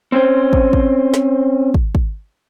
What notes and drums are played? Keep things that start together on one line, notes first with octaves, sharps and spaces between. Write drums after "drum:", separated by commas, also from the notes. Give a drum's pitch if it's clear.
C4 C#4 C5
drum: kick
drum: kick
drum: snare
drum: kick
drum: kick